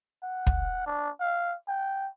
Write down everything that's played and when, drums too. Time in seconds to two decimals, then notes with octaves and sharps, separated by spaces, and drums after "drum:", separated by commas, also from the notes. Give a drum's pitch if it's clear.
0.23 F#5
0.47 drum: kick
0.86 D4
1.20 F5
1.68 G5